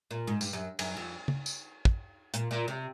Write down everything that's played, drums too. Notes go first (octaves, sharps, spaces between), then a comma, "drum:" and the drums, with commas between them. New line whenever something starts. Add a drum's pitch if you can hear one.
A#2
G#2
G2, drum: tambourine
F#2
F#2, drum: cymbal
F2
drum: tom C#3
drum: tambourine
drum: kick
A#2, drum: hi-hat
A#2
C3